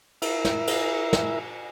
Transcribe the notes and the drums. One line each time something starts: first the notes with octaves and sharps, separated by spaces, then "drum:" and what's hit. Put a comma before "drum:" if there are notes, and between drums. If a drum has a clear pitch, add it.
E4 A#4 E5, drum: cymbal
drum: snare
drum: cymbal
drum: snare